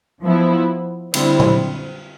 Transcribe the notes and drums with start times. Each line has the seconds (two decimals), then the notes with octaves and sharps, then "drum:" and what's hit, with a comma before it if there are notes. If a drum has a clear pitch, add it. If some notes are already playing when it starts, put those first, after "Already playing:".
0.24 F3 B3 E4
1.14 D3 G3 C4 E4, drum: cymbal
1.40 drum: tom A#2